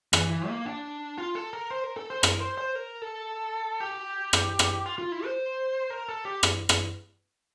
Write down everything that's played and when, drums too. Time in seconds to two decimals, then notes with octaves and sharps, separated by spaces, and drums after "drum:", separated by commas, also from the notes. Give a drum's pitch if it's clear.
0.13 E3, drum: rim click
0.30 E3
0.48 A#3
0.66 D4
1.18 F4
1.35 A4
1.53 A#4
1.70 C5
1.84 A#4
1.97 A4
2.10 C5
2.23 A#4, drum: rim click
2.40 C5
2.58 C5
2.75 A#4
3.02 A4
3.80 G4
4.33 drum: rim click
4.59 drum: rim click
4.86 F4
4.98 F4
5.12 E4
5.24 C5
5.90 A#4
6.08 A4
6.25 G4
6.43 drum: rim click
6.69 drum: rim click